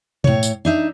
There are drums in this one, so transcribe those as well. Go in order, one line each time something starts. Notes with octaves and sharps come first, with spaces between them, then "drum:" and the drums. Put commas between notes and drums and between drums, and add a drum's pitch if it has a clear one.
A2 C#5, drum: tom B2
drum: tambourine
D4 D#4 E5